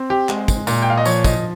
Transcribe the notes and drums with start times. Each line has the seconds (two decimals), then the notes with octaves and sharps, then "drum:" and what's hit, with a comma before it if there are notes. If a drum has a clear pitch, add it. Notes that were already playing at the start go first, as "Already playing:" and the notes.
Already playing: C4
0.10 G4
0.29 G#3, drum: clap
0.48 drum: kick, tambourine
0.67 A#2, drum: tambourine
0.82 G5
0.90 F5
0.97 D#5
1.05 F3 C#5, drum: tambourine
1.24 D#5, drum: kick, tambourine